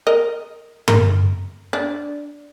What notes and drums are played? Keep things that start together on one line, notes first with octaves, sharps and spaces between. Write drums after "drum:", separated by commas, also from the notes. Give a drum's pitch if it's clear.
A#4 D#5
A#4, drum: tom G2
D4